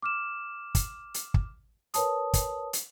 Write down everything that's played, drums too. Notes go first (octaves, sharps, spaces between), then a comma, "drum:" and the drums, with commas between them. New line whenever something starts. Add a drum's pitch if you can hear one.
D6 F6 E7
drum: kick, hi-hat
drum: hi-hat
drum: kick
A#4 B4 C#5 A5 D#6, drum: hi-hat
drum: kick, hi-hat
drum: hi-hat